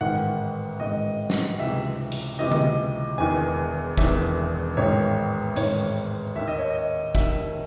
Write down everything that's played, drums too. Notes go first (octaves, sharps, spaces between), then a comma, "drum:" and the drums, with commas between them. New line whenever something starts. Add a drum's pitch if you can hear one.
A1 G#2 D#3 F#5
A1 G#2 D#3 D#5
drum: snare
C#2 C3 E3 E5
drum: hi-hat
C#2 C3 E3 D#5
drum: tom D3
E1 E2 D#3 G#5
E1 E2 D#3 E5, drum: kick
A1 G#2 D#3 C#5
A1 G#2 D#3 C#5, drum: hi-hat
D#2 D#3 E5
D#5
C#5
D#5
D#2 D#3 E5, drum: kick